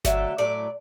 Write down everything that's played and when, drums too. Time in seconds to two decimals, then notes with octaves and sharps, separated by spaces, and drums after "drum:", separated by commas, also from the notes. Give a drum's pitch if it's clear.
0.05 D3 F#3 A3 E5, drum: snare G1
0.38 A2 F#3 A3 D5